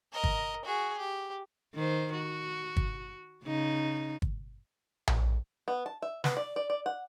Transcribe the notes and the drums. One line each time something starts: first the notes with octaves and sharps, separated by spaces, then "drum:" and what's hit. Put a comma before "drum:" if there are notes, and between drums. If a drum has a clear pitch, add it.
A#4 D#5
drum: kick
F#4 G#4
G4
D#3 C5
F#4
drum: kick
C#3 D#4
drum: kick
drum: tom A#1
B3
A5
E5
B3, drum: snare
D5
D5
D5
F#5